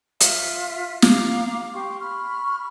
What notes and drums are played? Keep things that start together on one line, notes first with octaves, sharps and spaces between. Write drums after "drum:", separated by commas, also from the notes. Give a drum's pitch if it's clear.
F4 E5, drum: hi-hat
F5 A#5 D6, drum: snare
G4 C6 C#6
B5 C#6 F6